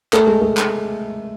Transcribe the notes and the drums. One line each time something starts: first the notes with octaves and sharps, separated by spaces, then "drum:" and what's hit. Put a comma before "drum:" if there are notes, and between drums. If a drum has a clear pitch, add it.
A3, drum: clap
G#3
A3
drum: clap